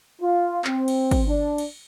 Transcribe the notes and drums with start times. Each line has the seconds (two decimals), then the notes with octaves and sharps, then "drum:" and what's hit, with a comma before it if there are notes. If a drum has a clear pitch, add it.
0.20 F4
0.64 C4, drum: clap
0.88 drum: cymbal
1.11 drum: kick, cymbal
1.26 D4
1.58 drum: cymbal